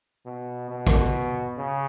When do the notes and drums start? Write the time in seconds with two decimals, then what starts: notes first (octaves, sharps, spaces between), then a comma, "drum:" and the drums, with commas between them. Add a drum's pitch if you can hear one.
0.26 B2
0.70 B2
0.87 drum: kick A1
1.58 C#3